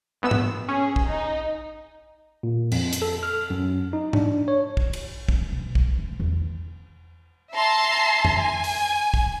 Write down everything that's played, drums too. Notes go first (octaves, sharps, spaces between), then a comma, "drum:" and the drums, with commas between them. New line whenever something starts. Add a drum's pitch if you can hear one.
G#1 B3 E6
drum: tom
C#4 G#4
drum: kick
D#4
A#2
F2, drum: cymbal
drum: hi-hat
A4
F6
F#2
D#4
D4, drum: tom
C#5
drum: kick
drum: cymbal
D4, drum: kick
B2
B1, drum: kick
A3
E2
E5 A5 A#5 C6 C7
drum: tom F2
G#5
drum: open hi-hat
drum: kick